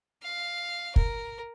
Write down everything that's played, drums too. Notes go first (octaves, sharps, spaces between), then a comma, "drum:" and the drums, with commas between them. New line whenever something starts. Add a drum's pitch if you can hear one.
F5
A#4, drum: kick